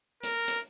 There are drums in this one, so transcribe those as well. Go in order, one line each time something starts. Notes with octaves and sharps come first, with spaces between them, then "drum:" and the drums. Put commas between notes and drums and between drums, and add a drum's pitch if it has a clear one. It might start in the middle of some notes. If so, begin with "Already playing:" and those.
A#4, drum: hi-hat
drum: hi-hat